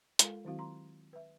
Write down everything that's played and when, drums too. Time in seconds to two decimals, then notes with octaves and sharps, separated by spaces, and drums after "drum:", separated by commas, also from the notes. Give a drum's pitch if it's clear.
0.19 G#3 F4 A4 A#4 F5, drum: hi-hat
0.45 D#3 F#3 C4 E4 F#4 F5
0.59 A#5 C6
1.13 B4 E5